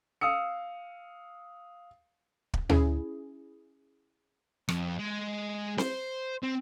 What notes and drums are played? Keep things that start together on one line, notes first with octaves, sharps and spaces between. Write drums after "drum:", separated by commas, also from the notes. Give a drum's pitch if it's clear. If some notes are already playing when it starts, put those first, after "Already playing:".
F5 D#6 E6 C#7
drum: kick
C#4 E4 G#4, drum: tom
F2, drum: rim click
G#3
C5, drum: snare C4
C4